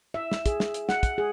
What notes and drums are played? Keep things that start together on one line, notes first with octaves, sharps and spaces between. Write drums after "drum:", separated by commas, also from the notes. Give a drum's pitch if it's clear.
E5
drum: snare
G#4, drum: kick, hi-hat
drum: snare
drum: hi-hat
F#5, drum: snare
drum: kick, hi-hat
G#4